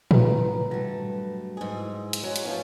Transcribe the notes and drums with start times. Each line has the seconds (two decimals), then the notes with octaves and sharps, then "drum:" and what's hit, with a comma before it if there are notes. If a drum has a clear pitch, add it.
0.11 B4 A#5, drum: tom A2
0.71 G2 F#3 G3 A3 F#4
1.57 G#2 G#4
1.75 E4
2.13 drum: hi-hat
2.23 F#3 G#3
2.36 drum: hi-hat
2.45 F3 A3 C#4 B4 F5